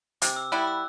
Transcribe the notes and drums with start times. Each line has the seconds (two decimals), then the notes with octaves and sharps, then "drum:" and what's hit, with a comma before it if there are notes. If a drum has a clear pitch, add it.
0.22 C3 D6, drum: hi-hat
0.36 E6
0.52 G3 B3 E4 F#6
0.67 E6